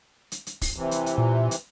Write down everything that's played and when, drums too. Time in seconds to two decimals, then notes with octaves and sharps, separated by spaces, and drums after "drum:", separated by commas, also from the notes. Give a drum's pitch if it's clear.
0.32 drum: hi-hat
0.47 drum: hi-hat
0.61 drum: kick, open hi-hat
0.76 C3 E3
0.91 drum: hi-hat
1.06 drum: hi-hat
1.18 A#2
1.51 drum: hi-hat